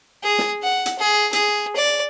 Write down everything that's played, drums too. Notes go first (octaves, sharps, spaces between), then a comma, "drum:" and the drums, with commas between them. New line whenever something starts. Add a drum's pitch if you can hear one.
G#4
drum: snare
F#5
drum: hi-hat
G#4
G#4, drum: hi-hat
D5